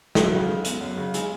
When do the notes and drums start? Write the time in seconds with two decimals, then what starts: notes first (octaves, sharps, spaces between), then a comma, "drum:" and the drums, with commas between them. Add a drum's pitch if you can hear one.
0.15 F#2 F#4, drum: snare
0.32 C#3
0.48 G#3
0.65 B3, drum: hi-hat
0.81 F#2
0.97 C#3
1.14 G#3 G#4, drum: hi-hat